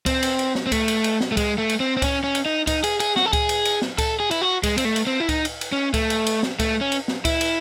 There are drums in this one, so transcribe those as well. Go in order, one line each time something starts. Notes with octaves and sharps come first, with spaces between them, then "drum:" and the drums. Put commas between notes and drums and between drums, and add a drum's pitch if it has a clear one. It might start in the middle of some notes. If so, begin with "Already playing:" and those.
C4, drum: kick C#2, cymbal
drum: cymbal
drum: cymbal
drum: snare
C4
A3, drum: kick C#2, cymbal
drum: cymbal
drum: cymbal
drum: snare
A3
G#3, drum: kick C#2, cymbal
A3
drum: cymbal
C4
C4
C#4, drum: kick C#2, cymbal
C#4
drum: cymbal
D#4
D#4, drum: kick C#2, cymbal
G#4, drum: cymbal
G#4, drum: cymbal
F#4, drum: snare
A4
G#4, drum: kick C#2, cymbal
drum: cymbal
drum: cymbal
drum: snare
A4, drum: kick C#2, cymbal
G#4
E4, drum: cymbal
F#4
G#3, drum: kick C#2, cymbal
C4, drum: cymbal
A3
drum: cymbal
C4
E4
D#4, drum: kick C#2, cymbal
drum: cymbal
drum: cymbal
C#4
A3, drum: kick C#2, cymbal
drum: cymbal
drum: cymbal
drum: snare
A3, drum: kick C#2, cymbal
C#4
drum: cymbal
drum: snare
E4, drum: kick C#2, cymbal
drum: cymbal